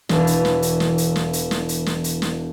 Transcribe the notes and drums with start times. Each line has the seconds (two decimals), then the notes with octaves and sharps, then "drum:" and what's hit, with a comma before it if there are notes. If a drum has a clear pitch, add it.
0.09 E1 E3 D4, drum: snare
0.27 drum: hi-hat
0.45 drum: snare
0.62 drum: hi-hat
0.80 drum: snare
0.98 drum: hi-hat
1.16 drum: snare
1.33 drum: hi-hat
1.51 drum: snare
1.69 drum: hi-hat
1.86 drum: snare
2.04 drum: hi-hat
2.22 drum: snare